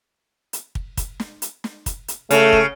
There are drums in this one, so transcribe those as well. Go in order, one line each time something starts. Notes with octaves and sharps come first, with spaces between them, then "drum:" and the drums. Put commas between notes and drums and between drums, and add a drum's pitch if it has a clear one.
drum: hi-hat
drum: kick
drum: kick, hi-hat
drum: snare
drum: hi-hat
drum: snare
drum: kick, hi-hat
drum: hi-hat
C#3 A3, drum: hi-hat
drum: kick